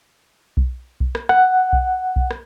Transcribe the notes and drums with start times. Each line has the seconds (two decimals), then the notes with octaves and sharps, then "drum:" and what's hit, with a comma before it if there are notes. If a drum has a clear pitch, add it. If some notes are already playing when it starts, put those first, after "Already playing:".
0.57 drum: kick B1
1.00 drum: kick B1
1.15 drum: rim click
1.29 F#5, drum: rim click
1.73 drum: kick B1
2.16 drum: kick B1
2.31 drum: rim click